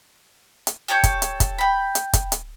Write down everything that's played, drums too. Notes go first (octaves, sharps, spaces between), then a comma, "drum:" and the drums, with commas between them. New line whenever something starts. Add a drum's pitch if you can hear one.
drum: hi-hat
G4 A4 C#5 G6
drum: kick, hi-hat
drum: hi-hat
drum: kick, hi-hat
G5 B5
drum: hi-hat
drum: kick, hi-hat
drum: hi-hat